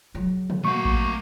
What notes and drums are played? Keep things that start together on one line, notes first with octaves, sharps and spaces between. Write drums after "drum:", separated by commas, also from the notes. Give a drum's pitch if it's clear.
C#3 F#3
drum: tom
A3 A#3 F#4 F5 C#6
drum: kick A1